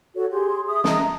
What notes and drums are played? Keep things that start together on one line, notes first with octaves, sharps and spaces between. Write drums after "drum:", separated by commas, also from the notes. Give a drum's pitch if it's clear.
F#4 A4 C#5
G4 G#4 C6
G#4 E5 D#6
D#5 E5 A5 A#5, drum: snare